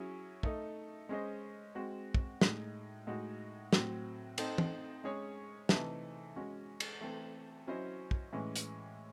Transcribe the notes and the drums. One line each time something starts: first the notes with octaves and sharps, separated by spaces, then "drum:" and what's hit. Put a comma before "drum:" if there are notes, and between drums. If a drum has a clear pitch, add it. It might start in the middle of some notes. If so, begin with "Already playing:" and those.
Already playing: F#3 C#4 E4 G#4
A3 D#4 A4 D#5, drum: kick
G#3 C#4 G#4 C5 D#5
G#3 C4 F#4
drum: kick
A2 G#3 D#4, drum: snare
A2 G#3 D#4 F#4
A2 F#3 C4, drum: snare
C4 D#4 A4 C5, drum: cymbal
drum: tom
G#3 C#4 G#4 C#5
C3 E3 A3 D#4 A4, drum: snare
G#3 C#4 F#4
drum: cymbal
E3 A3 C4
F#3 C#4 E4 C5 D#5
drum: kick
A2 E3 G#3 C#4
drum: hi-hat